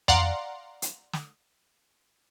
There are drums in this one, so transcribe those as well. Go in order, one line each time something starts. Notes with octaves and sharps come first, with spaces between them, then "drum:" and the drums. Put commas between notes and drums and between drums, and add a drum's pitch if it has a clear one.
D5 F5 F#5 A#5 C6, drum: tom F2
drum: hi-hat
drum: snare